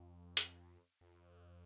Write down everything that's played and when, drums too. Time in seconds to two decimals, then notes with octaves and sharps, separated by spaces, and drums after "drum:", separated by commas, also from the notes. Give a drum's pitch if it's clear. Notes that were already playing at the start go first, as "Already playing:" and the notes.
Already playing: F2
0.37 drum: hi-hat
1.01 F2